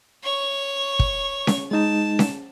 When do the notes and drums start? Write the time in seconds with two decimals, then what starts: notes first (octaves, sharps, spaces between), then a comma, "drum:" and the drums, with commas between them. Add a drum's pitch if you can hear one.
0.24 C#5 C#6
0.99 drum: kick
1.47 drum: snare C#4
1.71 G#3 D#4 A5
2.19 drum: snare C#4